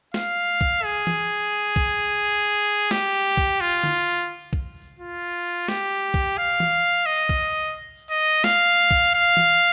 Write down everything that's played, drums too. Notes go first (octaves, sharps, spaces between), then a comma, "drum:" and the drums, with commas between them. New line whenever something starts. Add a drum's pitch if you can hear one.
F5, drum: snare
drum: kick
G#4
drum: tom E3
drum: kick
G4, drum: snare
drum: kick
F4
drum: tom D3
drum: kick
F4
G4, drum: snare
drum: kick
F5
drum: tom E3
D#5
drum: kick
D#5
F5, drum: snare
drum: kick
F5
drum: tom E3